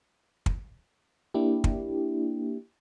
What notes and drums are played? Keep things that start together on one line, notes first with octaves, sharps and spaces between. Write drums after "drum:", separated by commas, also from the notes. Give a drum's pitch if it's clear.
drum: kick
A#3 D4 E4 G4
drum: kick